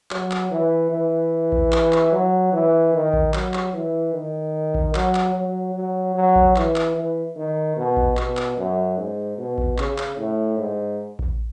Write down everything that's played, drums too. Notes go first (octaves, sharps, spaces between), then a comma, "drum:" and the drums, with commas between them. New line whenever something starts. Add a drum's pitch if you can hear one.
F#3, drum: clap
drum: clap
E3
E3
drum: kick A1
drum: clap
drum: clap
F#3
E3
D#3
drum: kick A1
F#3, drum: clap
drum: clap
E3
D#3
drum: kick A1
F#3, drum: clap
drum: clap
F#3
F#3
F#3
drum: kick A1
E3, drum: clap
drum: clap
E3
D#3
B2
drum: kick A1
B2, drum: clap
drum: clap
F#2
G#2
B2
drum: kick A1
C#3, drum: clap
drum: clap
A2
G#2
drum: kick A1